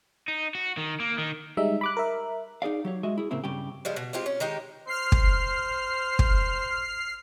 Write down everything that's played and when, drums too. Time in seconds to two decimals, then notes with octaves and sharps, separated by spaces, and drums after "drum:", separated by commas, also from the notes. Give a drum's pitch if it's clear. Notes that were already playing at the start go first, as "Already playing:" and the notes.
0.28 D#4
0.55 F#4
0.77 D#3
1.00 A#3
1.18 D#3
1.57 G3 G#3 D#4 E5
1.81 B5 D6 F#6
1.97 A#4 E5
2.62 D#4 G#4 D5 F5
2.85 F#3 G4 C#5
3.03 G#3 F#4 D#5 E5
3.18 E4 G#4
3.31 A2 C#3 A#3 C4 E4
3.44 G2 C#3 G3 G4
3.85 F3 G3 G#3
3.96 B2
4.13 G#3 C4 F4 G4
4.26 C#4
4.40 D#3 G#3 D#4 G4
4.87 C5 F6 C7
5.12 drum: kick
6.19 drum: kick